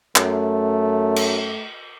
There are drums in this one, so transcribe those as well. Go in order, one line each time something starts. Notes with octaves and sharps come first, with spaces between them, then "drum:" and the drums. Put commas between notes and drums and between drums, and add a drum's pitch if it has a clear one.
F#2 A3, drum: clap
drum: cymbal